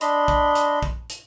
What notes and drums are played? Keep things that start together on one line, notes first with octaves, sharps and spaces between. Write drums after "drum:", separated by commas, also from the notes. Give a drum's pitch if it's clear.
D4 D#5 B5 C6, drum: hi-hat
drum: kick
drum: hi-hat
drum: kick
drum: hi-hat